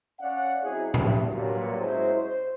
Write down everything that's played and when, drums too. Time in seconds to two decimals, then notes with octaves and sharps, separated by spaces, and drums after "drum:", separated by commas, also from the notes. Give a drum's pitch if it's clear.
0.20 C#4 D5 F5 F#5
0.64 F#3 C4 D#4 E4 G#4
0.94 E2 G2, drum: tom A2
1.27 G2 A#2 F#3
1.79 F#3 G#3 C#4 E4 C5
2.14 C5